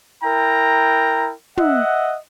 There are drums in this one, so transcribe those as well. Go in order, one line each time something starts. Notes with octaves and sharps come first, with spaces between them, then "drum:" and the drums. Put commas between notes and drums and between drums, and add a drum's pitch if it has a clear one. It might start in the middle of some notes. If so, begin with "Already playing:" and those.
E4 A#4 G5 A#5
D#5 E5 F#5, drum: tom